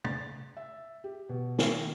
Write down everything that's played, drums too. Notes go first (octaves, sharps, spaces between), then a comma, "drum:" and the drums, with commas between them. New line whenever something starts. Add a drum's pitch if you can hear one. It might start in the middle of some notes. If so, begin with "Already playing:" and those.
A6, drum: tom
E5
G4
B2
D#3, drum: snare